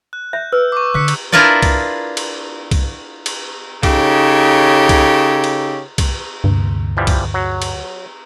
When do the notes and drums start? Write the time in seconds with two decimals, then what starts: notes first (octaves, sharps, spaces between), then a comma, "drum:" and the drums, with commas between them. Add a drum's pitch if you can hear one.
0.13 F#6
0.33 E5 G6
0.52 B4 E6
0.72 C#6 D6
0.94 D3 F#6 B6 C#7
1.08 drum: cymbal
1.32 D4 E4 F4 A#4 B4 D5
1.62 drum: kick C2, cymbal
2.17 drum: cymbal
2.71 drum: kick C2, cymbal
3.26 drum: cymbal
3.83 C#3 D#4 G4 A4 C#5, drum: kick C2, cymbal
4.89 drum: kick C2, cymbal
5.44 drum: cymbal
5.98 drum: kick C2, cymbal
6.44 D2 G2 C3 A#3
6.97 E3 F3 G3
7.07 drum: kick C2, cymbal
7.34 F#3
7.62 drum: cymbal